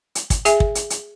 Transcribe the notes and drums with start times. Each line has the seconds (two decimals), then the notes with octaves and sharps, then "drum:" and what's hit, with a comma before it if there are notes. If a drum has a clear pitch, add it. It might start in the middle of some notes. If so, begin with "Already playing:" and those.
0.15 drum: hi-hat
0.30 drum: kick, hi-hat
0.45 G#4 E5 G#5, drum: hi-hat
0.60 drum: kick
0.75 drum: hi-hat
0.90 drum: hi-hat